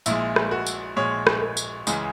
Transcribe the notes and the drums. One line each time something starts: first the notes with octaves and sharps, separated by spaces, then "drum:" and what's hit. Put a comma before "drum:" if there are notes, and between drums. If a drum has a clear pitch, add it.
A#1 A#2 G#3 E4, drum: tambourine
drum: rim click
F#4
drum: tambourine
A#1 A#2 G#3 C#5
drum: rim click
drum: tambourine
C#2 C#3 E3 G#3, drum: tambourine